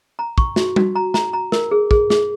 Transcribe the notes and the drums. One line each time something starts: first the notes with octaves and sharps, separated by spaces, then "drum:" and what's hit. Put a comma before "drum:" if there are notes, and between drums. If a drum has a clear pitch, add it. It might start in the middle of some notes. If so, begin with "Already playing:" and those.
A#5
C#6, drum: kick
F#4, drum: snare
F#4, drum: tom G3
A#5
A#5, drum: snare
A#5
A#4, drum: snare
G#4
G#4, drum: kick
G#4, drum: snare